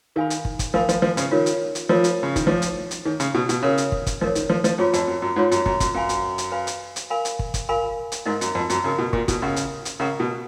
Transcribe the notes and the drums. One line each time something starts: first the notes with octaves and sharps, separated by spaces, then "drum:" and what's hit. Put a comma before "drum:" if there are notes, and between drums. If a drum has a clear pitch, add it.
D#3 A#4 F5 G#5 B5
drum: hi-hat
drum: kick
drum: kick, hi-hat
F3 A#4 F5 G#5 B5
F3, drum: hi-hat
F3
C#3, drum: hi-hat
D#3 F4 A#4 C#5
drum: hi-hat
drum: hi-hat
F3 F4 A#4 C#5
drum: hi-hat
C#3
D#3, drum: kick, hi-hat
F3 D#4 G#4 C#5
drum: hi-hat
drum: hi-hat
D#3 D#4 G#4 C#5
C#3, drum: hi-hat
B2
B2, drum: hi-hat
C#3 D#4 A#4 C#5
drum: hi-hat
drum: kick
drum: kick, hi-hat
F3 D#4 A#4 C#5
D#3, drum: hi-hat
F3
F3, drum: hi-hat
F#2 F4 G#4 C#5
F2, drum: hi-hat
F#2
F#2
G#2 F4 G#4 C#5
F#2, drum: hi-hat
F#2, drum: kick
F#2, drum: kick, hi-hat
F#2 B4 F5 G#5 B5
drum: hi-hat
drum: hi-hat
B4 F5 G#5 B5
drum: hi-hat
drum: hi-hat
A#4 F5 G#5 B5
drum: hi-hat
drum: kick
drum: kick, hi-hat
A#4 F5 G#5 B5
drum: hi-hat
G#2 D#4 A#4 D#5
F#2, drum: hi-hat
F2
F#2, drum: hi-hat
C#3 D#4 A#4 D#5
B2
A#2, drum: kick
B2, drum: kick, hi-hat
C#3 A#4 D#5 F#5 A#5 C#6
drum: hi-hat
drum: hi-hat
C#3 A#4 D#5 F#5 A#5 C#6
B2